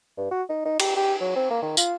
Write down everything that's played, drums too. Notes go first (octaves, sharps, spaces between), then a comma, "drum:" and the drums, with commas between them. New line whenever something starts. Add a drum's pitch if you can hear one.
G2
F#4
D#4
D#4
G4, drum: cymbal
G4
F#3
C4
A#3
D#3
F4, drum: tambourine